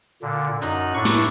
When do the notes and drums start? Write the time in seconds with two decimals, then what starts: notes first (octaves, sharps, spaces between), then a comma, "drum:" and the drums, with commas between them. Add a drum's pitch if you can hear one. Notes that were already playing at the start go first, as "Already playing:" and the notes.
0.22 A#2 D3
0.61 F#2 D#4 F#6, drum: hi-hat
0.95 A2 D4 C#6
1.05 drum: snare